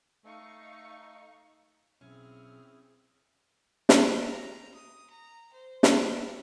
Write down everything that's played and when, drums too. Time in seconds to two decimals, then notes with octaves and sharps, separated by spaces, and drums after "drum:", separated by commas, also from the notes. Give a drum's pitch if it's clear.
0.25 A3 D#4 F5 C#6
2.01 B1 C4 C#4 E4 G#4 F6
3.89 drum: snare
4.21 A#5
4.74 D#6
5.10 A#5
5.53 C5
5.83 drum: snare
5.99 B3